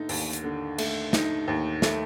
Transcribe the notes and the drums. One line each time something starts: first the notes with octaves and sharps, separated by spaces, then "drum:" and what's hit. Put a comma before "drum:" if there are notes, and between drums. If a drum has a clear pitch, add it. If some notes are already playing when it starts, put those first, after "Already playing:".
Already playing: D3 A3 D#4
D#2, drum: open hi-hat
drum: hi-hat
D3
A3, drum: cymbal
D#4, drum: snare
D#2
A3, drum: snare